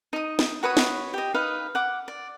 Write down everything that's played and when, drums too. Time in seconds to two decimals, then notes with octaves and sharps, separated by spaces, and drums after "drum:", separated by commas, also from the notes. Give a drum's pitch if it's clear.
0.13 D#4 D#6
0.39 drum: snare
0.63 F#4 B4 C#5 D#6
0.77 drum: snare
1.14 G4 D#5
1.34 D#4 B4 F5 D#6
1.75 F#5 D6
2.08 D5